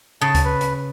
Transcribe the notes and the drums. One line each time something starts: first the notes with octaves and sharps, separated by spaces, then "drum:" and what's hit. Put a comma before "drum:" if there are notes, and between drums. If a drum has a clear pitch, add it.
C#3 A5
drum: kick D2, hi-hat
B4
drum: hi-hat